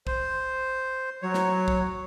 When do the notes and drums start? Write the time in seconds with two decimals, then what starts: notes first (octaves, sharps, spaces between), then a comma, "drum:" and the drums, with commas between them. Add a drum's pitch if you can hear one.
0.07 C5, drum: kick
1.22 F#3 C#5
1.34 drum: snare
1.68 drum: kick